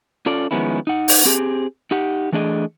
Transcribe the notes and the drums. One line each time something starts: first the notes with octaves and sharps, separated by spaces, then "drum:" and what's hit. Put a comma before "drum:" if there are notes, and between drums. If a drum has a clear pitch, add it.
C#4 F4 A4 D5
D#3 F3 G#3 B3 C#4 E4
D#4 F#5
drum: open hi-hat
C4 G4 G#4
D#4 G4 F#5
E3 A3 D4 G#4 D#5